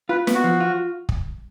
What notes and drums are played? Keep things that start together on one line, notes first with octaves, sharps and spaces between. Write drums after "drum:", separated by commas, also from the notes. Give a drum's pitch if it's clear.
F4 B4
B3, drum: snare
F#4
F3
F4
drum: kick